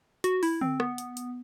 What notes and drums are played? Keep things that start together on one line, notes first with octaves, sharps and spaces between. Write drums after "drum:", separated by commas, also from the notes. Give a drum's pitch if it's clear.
F#4, drum: hi-hat
E4, drum: open hi-hat
C4, drum: tom D3
B3, drum: rim click
drum: hi-hat
drum: hi-hat